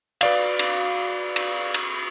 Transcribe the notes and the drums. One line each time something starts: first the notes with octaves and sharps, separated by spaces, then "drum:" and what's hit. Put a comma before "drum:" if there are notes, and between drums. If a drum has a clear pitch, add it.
B4 D5 F5, drum: cymbal
drum: cymbal
drum: cymbal
drum: cymbal